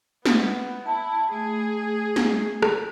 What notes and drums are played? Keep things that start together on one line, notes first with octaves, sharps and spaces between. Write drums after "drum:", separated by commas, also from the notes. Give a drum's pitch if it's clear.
B3, drum: snare
E4 A5
A3 G#4
drum: snare
drum: rim click